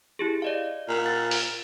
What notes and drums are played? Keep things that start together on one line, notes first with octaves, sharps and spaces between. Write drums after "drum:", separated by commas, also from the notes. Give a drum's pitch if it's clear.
E4 G4 G#4
D5 D#5 F5
A#2
A6
drum: open hi-hat